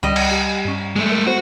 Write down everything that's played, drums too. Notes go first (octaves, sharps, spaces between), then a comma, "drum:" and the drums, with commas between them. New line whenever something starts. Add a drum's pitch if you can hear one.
C#2 G3 D#5
drum: cymbal
G4 G#5
G2 C#4
G#3 A3
A#4
B3 F#4 C5